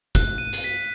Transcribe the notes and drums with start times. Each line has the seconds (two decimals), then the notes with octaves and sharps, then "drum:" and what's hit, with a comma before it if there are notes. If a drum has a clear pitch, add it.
0.15 F#6, drum: kick, hi-hat
0.38 D#7
0.53 drum: hi-hat
0.64 B6